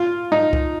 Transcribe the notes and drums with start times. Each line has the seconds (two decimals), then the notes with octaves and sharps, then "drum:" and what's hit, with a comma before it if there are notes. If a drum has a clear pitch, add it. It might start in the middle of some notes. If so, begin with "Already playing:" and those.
Already playing: F4
0.32 D#4, drum: tom G3
0.53 drum: kick C#2